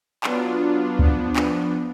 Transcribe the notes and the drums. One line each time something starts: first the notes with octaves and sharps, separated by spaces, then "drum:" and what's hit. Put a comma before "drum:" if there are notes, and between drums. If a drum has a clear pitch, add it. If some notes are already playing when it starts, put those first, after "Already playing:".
F#3 B3 D4 F4, drum: clap
F3 B3 D4, drum: kick D2
drum: clap